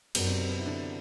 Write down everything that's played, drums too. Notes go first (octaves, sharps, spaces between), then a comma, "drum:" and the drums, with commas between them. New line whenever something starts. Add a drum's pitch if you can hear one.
F#2 B2 B3, drum: cymbal
C3 C4
C3 C4
B2 B3
E4
D3 D4